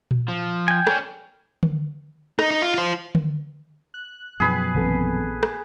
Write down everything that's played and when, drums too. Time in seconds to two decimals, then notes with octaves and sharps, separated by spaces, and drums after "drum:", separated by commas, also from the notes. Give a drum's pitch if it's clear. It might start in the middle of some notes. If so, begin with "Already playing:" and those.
0.11 drum: tom A#2
0.28 F3
0.68 G5 G#5
0.87 C#4 D4, drum: rim click
1.63 drum: tom D3
2.39 D#4, drum: rim click
2.51 D#4
2.62 F4
2.74 F4 C5
3.15 drum: tom D3
3.94 F#6
4.40 F#2 B2 F3 G#4 B4
4.75 A#1 D#3 E3 B3 C4 A4
5.43 drum: rim click